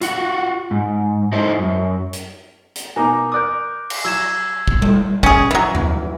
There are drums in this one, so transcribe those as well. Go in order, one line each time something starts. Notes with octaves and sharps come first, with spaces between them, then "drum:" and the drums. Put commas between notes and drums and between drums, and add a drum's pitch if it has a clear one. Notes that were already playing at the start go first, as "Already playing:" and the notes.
F4 F#4 F#5, drum: hi-hat
G#2
D#4 E4 A4 C5
F#2
drum: hi-hat
drum: hi-hat
B2 A#3 D#4 G#5 A#5 D6
A#4 D5 D6 D#6 F#6 G6
drum: cymbal
F#3 E6 G#6 E7
drum: kick
drum: tom G3
C#4 G#4, drum: kick
E3 F#3
drum: tom E2